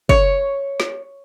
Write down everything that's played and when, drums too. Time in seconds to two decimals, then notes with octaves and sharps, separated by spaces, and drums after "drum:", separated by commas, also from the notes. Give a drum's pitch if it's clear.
0.09 C#5, drum: kick
0.80 drum: snare